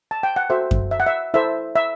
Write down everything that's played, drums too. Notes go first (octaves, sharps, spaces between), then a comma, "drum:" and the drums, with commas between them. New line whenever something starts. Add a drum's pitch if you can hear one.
A5
G5
F#5
F#4 A4 C5 E5
drum: kick F#2
E5
F#5
E5
E4 A4 C5 E5
E5